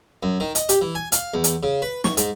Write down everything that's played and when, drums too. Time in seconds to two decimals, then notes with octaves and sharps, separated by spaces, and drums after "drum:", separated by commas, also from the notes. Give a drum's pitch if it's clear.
0.23 F#2
0.40 D#3
0.55 D#5, drum: hi-hat
0.69 G4, drum: hi-hat
0.81 E3
0.95 G#5
1.12 F5, drum: hi-hat
1.34 E2
1.44 drum: hi-hat
1.63 C#3
1.82 B4
2.04 C#6, drum: snare
2.17 G#2, drum: hi-hat